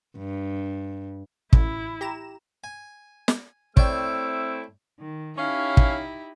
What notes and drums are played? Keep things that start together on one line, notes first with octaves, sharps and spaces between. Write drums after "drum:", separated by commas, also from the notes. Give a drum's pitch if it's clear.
G2
A1 E4, drum: kick
G4 A#5 E7
G#5
drum: snare
A3 C4 E4 C#5 D5 G5 E6, drum: kick
D#3
C#4 D#4 E4 G4 C#5 F5
drum: kick